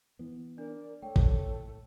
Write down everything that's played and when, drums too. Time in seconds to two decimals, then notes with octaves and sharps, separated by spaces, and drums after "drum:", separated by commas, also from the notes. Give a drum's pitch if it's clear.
0.19 E3 B3
0.58 D4 A#4 D5
1.02 A3 A4 C#5 G5
1.16 drum: kick G#1
1.46 A2